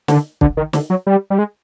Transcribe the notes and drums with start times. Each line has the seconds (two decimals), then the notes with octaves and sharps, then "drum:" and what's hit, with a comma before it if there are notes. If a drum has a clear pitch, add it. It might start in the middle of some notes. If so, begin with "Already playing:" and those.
0.08 D3, drum: snare
0.41 D3, drum: kick
0.57 D#3
0.73 D3, drum: snare
0.90 F#3
1.07 G3
1.30 G3
1.39 G#3